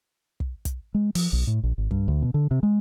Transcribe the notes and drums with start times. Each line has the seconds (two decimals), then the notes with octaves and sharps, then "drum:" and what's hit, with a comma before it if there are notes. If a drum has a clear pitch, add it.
0.40 drum: kick
0.65 drum: kick, hi-hat
0.94 G#3
1.15 F3, drum: open hi-hat
1.33 B1
1.47 A2
1.63 A#1
1.78 G#1
1.91 G2, drum: kick
2.08 D2
2.22 B2
2.34 D3
2.51 C3
2.63 G#3